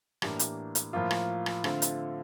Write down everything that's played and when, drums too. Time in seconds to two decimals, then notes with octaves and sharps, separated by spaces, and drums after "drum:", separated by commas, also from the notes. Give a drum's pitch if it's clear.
0.22 A2 E3 A#3 D4 G4, drum: rim click
0.39 drum: hi-hat
0.75 drum: hi-hat
0.93 A2 F3 A#3 F4
1.11 drum: rim click
1.46 drum: rim click
1.64 D3 A3 C4 F4, drum: rim click
1.82 drum: hi-hat